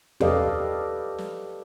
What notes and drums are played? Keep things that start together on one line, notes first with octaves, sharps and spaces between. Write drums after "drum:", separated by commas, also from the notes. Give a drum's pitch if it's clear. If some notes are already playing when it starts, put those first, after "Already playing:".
G4 A4 B4 D5 D#5 F5, drum: tom
drum: snare